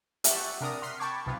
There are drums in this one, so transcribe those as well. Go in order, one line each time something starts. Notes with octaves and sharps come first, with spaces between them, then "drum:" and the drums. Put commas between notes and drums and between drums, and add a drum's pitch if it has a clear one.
G4 E5 F#5 A5 C#6 F#6, drum: hi-hat
C3 D4 A#4 A#5 D#6
F#5 C6 F6 B6 C7
G5 A5 B5 C#6 D6 G#6
B1 C3 B3 F4